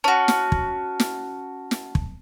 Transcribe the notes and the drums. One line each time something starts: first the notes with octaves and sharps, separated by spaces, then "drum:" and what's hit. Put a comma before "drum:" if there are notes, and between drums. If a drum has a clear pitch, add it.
C#4 F#4 A5
drum: snare
drum: kick
drum: snare
drum: snare
drum: kick